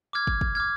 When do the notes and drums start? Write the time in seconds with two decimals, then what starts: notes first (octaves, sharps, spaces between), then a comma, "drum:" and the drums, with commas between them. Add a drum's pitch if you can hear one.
0.13 D6 F6 G#6
0.27 drum: kick
0.41 drum: kick
0.55 D6 F6 G#6